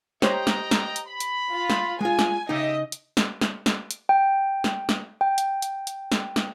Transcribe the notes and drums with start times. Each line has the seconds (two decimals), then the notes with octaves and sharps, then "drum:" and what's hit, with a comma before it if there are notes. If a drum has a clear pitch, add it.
0.22 G4 C5 C#5 D#5 G5 A#5, drum: snare
0.47 drum: snare
0.71 drum: snare
0.96 drum: hi-hat
1.07 B5
1.20 drum: hi-hat
1.52 F4
1.70 drum: snare
2.01 G#3 F4 G#5
2.19 drum: snare
2.49 C#3 D#4 G4 D#5 E5
2.92 drum: hi-hat
3.17 drum: snare
3.41 drum: snare
3.66 drum: snare
3.91 drum: hi-hat
4.09 G5
4.64 drum: snare
4.89 drum: snare
5.21 G5
5.38 drum: hi-hat
5.62 drum: hi-hat
5.87 drum: hi-hat
6.12 drum: snare
6.36 drum: snare